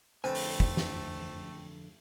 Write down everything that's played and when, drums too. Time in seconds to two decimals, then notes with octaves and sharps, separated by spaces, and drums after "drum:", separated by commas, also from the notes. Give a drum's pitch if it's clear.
0.24 F2 D3 A3 C4 B4 C5 G#5
0.35 drum: open hi-hat
0.60 drum: kick
0.77 drum: snare